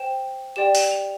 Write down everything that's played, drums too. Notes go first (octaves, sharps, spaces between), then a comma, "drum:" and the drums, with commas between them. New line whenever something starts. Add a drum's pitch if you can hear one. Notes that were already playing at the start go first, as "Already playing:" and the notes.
Already playing: C5 G5 E7
G4 D5 G5 E7
E7, drum: open hi-hat
F7